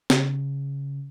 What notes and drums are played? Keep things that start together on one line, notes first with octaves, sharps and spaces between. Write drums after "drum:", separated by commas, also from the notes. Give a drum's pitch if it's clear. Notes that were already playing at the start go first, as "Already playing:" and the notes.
C#3, drum: snare